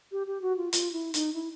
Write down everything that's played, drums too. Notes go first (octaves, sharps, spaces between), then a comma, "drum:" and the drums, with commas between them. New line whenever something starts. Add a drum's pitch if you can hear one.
G4
G4
F#4
F4
F4, drum: hi-hat
E4
D#4, drum: hi-hat
E4